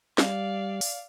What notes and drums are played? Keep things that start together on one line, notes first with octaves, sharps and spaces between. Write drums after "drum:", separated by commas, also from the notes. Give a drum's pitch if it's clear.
G3 D5 F5, drum: snare
drum: open hi-hat